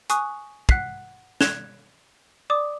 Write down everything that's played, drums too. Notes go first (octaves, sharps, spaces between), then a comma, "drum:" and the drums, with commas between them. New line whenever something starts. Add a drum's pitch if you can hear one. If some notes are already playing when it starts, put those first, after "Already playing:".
G#5 C#6 D#6 F#6, drum: hi-hat
F#5 F#6 B6 C7, drum: kick
F#6 G#6 E7 F7 G7, drum: snare
D5 D6 D#6